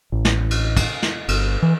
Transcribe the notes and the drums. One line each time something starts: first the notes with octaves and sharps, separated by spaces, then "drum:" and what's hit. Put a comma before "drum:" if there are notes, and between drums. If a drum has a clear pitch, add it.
A1
drum: snare
drum: cymbal
drum: kick, cymbal
drum: snare
G1, drum: cymbal
E3